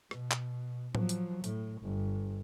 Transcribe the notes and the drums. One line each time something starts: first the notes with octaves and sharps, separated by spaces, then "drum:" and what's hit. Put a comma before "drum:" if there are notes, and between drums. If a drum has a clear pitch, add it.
B2, drum: rim click
drum: clap
F3 F#3, drum: tom A2
drum: hi-hat
A2, drum: hi-hat
G1